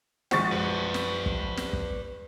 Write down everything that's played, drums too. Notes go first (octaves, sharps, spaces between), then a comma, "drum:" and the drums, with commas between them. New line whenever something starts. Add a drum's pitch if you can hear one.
A#1 G#3 F#4 C5 C#6 A6, drum: snare
B4 D5
drum: snare
drum: kick
drum: snare
drum: kick